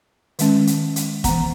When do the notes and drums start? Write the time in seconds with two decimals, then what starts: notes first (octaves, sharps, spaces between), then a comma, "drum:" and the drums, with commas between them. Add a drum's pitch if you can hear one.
0.39 D#3 G#3 C#4, drum: hi-hat
0.67 drum: hi-hat
0.96 drum: hi-hat
1.24 B3 F#5 A#5, drum: kick, hi-hat
1.29 E3